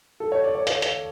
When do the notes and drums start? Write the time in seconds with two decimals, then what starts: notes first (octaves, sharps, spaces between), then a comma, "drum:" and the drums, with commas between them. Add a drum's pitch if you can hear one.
0.20 A4
0.32 C#5
0.44 D5
0.55 C#5
0.67 F5, drum: hi-hat
0.82 drum: hi-hat